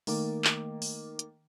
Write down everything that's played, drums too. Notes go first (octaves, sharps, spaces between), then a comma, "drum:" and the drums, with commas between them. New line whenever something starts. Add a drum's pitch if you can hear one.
D#3 A3 A#3 D6, drum: open hi-hat
drum: clap
drum: open hi-hat
drum: hi-hat